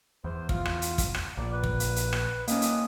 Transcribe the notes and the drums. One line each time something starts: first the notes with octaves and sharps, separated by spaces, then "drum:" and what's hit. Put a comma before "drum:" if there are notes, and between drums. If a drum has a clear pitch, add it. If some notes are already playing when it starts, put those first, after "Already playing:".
E2 C5
F4, drum: kick
drum: rim click
drum: hi-hat
drum: kick, hi-hat
drum: rim click
A#1 D5
B4
drum: kick
drum: hi-hat
drum: hi-hat
drum: rim click
A#3 C#4 D#5, drum: hi-hat
drum: hi-hat